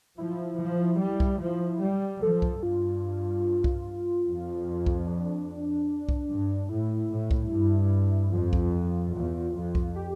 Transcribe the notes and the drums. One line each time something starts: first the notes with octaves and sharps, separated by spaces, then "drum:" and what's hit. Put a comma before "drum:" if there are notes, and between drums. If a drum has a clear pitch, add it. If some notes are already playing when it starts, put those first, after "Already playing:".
F3 E4
F3
G3
drum: kick C2
F3
G3
F3 A4
drum: kick C2
G2 F4
drum: kick C2
F2
drum: kick C2
D4
drum: kick C2
G2
A2 E4
A2
drum: kick C2
G2
F2 F4
drum: kick C2
E2
F2
drum: kick C2
G4